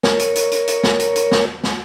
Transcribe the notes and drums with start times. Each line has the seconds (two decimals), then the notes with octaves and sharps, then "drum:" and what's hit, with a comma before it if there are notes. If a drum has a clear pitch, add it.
0.03 A#4 C#5, drum: snare
0.19 drum: hi-hat
0.35 drum: hi-hat
0.51 drum: hi-hat
0.67 drum: hi-hat
0.83 drum: snare
0.99 drum: hi-hat
1.15 drum: hi-hat
1.32 drum: snare
1.64 drum: snare